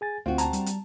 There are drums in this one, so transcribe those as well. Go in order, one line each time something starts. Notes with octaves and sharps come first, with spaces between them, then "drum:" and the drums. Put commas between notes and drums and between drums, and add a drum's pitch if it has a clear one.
G#4 G#5 A6
D2 C4 F4 F#4
A5 A#5, drum: hi-hat
G3, drum: hi-hat
drum: hi-hat